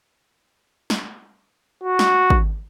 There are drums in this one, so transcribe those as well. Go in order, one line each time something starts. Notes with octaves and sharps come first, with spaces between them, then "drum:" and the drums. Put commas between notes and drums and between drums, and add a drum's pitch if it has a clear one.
drum: snare
F#4
drum: snare
drum: kick